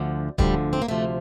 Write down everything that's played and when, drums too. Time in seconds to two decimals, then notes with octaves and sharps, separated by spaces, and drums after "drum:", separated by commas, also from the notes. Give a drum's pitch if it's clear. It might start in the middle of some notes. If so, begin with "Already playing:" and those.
Already playing: D2 D3 F3
0.38 D2 D3 F3 G3, drum: kick
0.73 C4
0.82 A#3
0.88 D2 C3 F3 A3